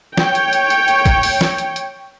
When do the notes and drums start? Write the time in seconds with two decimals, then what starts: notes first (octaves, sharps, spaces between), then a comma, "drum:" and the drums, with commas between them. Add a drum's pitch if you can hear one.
0.17 C#5 G5, drum: snare
0.35 drum: hi-hat
0.53 drum: hi-hat
0.70 drum: hi-hat
0.88 drum: hi-hat
1.06 drum: kick, hi-hat
1.23 drum: open hi-hat
1.41 drum: snare
1.58 drum: hi-hat
1.76 drum: hi-hat